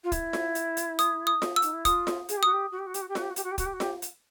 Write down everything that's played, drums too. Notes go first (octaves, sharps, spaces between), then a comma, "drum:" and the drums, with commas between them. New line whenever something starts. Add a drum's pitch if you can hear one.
F4
E4, drum: kick, hi-hat
drum: snare F4
drum: hi-hat
drum: hi-hat
D#6, drum: hi-hat
D#6
drum: snare F4
E6
D#4, drum: hi-hat
E4
F4 D#6, drum: kick, hi-hat
drum: snare F4
G#4, drum: hi-hat
G4
F#4 D#6
G4
F#4
G4
F#4
G4, drum: hi-hat
F#4
G4
F#4, drum: snare F4
G4
F#4
G4, drum: hi-hat
F#4
G4
F#4, drum: kick, hi-hat
G4
F#4
G4, drum: snare F4
drum: hi-hat